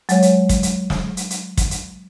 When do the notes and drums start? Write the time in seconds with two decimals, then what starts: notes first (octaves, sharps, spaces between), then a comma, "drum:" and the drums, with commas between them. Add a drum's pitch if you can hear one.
0.09 F#3 G#3 C#5, drum: hi-hat
0.22 drum: hi-hat
0.49 drum: kick, hi-hat
0.63 drum: hi-hat
0.90 drum: snare
1.17 drum: hi-hat
1.30 drum: hi-hat
1.57 drum: kick, hi-hat
1.71 drum: hi-hat